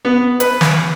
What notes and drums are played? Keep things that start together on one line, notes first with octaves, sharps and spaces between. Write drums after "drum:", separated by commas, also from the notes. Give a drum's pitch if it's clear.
B3
B4, drum: hi-hat
drum: snare